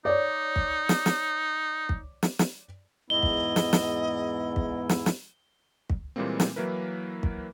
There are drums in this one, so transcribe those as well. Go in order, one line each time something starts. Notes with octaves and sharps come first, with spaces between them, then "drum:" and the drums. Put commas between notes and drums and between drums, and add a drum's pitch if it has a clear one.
D#4 C#5 D5
drum: kick
drum: snare
drum: snare
drum: kick
drum: snare
drum: snare
E2 G#2 B3 E4 D#5 G7
drum: kick
drum: snare
drum: snare
drum: kick
drum: snare
drum: snare
drum: kick
A#2 E3 G3 G#3 A#3 C4
drum: snare
E3 F#3 A#3 E4 A#4 B4
drum: kick